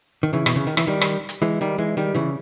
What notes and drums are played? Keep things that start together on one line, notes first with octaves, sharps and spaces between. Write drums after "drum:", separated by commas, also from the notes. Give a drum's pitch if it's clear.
D#3
C#3 E3
B2, drum: rim click
C#3
D#3
E3, drum: rim click
D#3 G3
drum: rim click
drum: hi-hat
E3 G#3
D#3 G3
E3 G#3
D#3 G3
C#3 E3